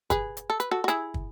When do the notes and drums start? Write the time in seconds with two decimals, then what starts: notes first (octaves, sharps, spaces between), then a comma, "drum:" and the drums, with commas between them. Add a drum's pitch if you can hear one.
0.10 G#4 B4, drum: kick, hi-hat
0.37 drum: hi-hat
0.50 A4
0.60 B4, drum: hi-hat
0.71 F#4 A4
0.84 F#4
0.88 E4 G#4, drum: hi-hat
1.14 drum: kick